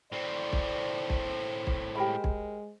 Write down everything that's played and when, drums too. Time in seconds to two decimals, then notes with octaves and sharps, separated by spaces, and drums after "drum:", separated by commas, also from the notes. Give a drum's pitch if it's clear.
0.12 A2 C4 C5 D5
0.53 drum: kick
1.10 drum: kick
1.67 drum: kick
1.95 G#3 G4 A#4 B5
2.24 drum: kick